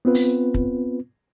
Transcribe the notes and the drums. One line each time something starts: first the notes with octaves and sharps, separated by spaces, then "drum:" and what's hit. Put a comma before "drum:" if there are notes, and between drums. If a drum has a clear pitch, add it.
B3 C4 F4 B4
drum: open hi-hat
drum: kick